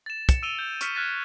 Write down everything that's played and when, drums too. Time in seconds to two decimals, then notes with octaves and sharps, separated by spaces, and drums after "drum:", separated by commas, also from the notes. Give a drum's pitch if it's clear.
0.06 A6 E7
0.29 C#7 E7, drum: kick, hi-hat
0.43 E6 D7 D#7 F7 G7
0.59 G6
0.81 C#6 F6 B6 C#7 D#7, drum: hi-hat
0.94 F6 F#6 G#6 A6 B6 D#7